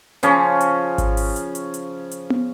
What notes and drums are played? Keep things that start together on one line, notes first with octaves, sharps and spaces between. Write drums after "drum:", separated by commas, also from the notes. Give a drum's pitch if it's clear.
C#3 F3 C#4, drum: hi-hat
drum: hi-hat
drum: kick G#1, hi-hat
drum: open hi-hat
drum: hi-hat
drum: hi-hat
drum: hi-hat
drum: hi-hat
drum: tom B3